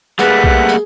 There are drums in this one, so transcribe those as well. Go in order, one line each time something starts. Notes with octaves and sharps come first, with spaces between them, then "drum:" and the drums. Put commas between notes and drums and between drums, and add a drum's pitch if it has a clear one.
G3 A3 A#3 G#4 B4 F#5, drum: tambourine
drum: kick B1
drum: tambourine